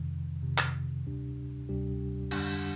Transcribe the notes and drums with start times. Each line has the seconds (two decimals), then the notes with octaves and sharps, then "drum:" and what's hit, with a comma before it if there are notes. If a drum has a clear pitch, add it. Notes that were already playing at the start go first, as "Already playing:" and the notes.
Already playing: F2 C3 D#3
0.42 F2 C3 D#3
0.58 drum: clap
1.05 D2 C3 G3 D4 G4
1.69 D2 C3 G3 D4 G4
2.31 F2 D3 G3 D4 G4, drum: cymbal